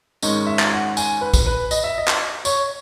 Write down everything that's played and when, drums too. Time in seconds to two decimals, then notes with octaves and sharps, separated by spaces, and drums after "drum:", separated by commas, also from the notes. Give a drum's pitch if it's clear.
0.22 G#2 D#3 G#3 C#4 D#5, drum: tambourine
0.47 E5
0.59 drum: clap
0.72 F#5
0.97 G#5, drum: tambourine
1.21 B4
1.34 drum: kick, tambourine
1.46 B4
1.71 D#5, drum: tambourine
1.84 E5
1.98 D#5
2.08 drum: clap
2.45 C#5, drum: tambourine